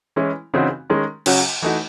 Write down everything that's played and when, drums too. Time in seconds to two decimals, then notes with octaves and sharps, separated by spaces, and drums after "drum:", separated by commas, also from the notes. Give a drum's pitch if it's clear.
0.16 E3 G#3 C#4 E4
0.54 C#3 E3 C4 D#4 F#4
0.90 D#3 G#3 C#4
1.26 C#3 F#3 C#4 F#4, drum: cymbal
1.62 E3 A3 D#4 F#4